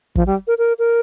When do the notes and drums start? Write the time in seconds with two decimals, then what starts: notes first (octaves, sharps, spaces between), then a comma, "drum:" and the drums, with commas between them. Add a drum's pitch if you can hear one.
0.16 F3, drum: kick
0.27 G3
0.47 A#4
0.58 A#4
0.79 A#4